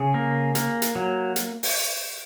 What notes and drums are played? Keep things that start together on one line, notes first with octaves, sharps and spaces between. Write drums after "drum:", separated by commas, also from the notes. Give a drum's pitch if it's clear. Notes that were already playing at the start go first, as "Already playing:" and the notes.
Already playing: C#3 G#4
A#3
A#3, drum: hi-hat
drum: hi-hat
F#3
drum: hi-hat
drum: open hi-hat